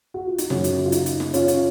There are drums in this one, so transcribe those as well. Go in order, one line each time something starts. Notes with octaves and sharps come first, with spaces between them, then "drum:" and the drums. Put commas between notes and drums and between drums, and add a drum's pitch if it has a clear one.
F#4
F4
D#4, drum: hi-hat
F#2 C#3 F#3 C#4, drum: snare
drum: hi-hat
F4
D#4, drum: hi-hat
drum: hi-hat
drum: snare
C#4 F4, drum: hi-hat
drum: hi-hat